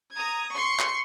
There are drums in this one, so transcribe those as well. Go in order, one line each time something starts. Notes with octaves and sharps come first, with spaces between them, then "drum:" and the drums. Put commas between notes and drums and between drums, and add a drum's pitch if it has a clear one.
A#5 D#6 G#6
C6 C#6 C7 C#7
drum: clap